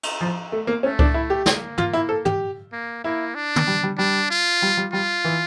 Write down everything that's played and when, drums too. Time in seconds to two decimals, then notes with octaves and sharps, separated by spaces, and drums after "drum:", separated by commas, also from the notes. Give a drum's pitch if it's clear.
0.03 drum: cymbal
0.21 F3
0.52 A3
0.67 A#3
0.83 A3 C#4
0.99 D4, drum: kick C#2
1.14 E4
1.30 G4
1.46 A#3, drum: snare
1.78 F4, drum: tom
1.93 E4
2.09 A4
2.25 G4, drum: tom
2.72 A#3
3.04 A#3 E4
3.35 D4
3.56 drum: tom
3.67 G3
3.83 G3
3.98 G3 D4
4.31 F4
4.62 G3
4.77 G3
4.93 G3 F4
5.25 E3